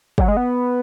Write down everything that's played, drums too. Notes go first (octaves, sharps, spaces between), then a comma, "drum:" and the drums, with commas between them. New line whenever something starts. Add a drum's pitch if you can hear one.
F#3, drum: kick
G#3
B3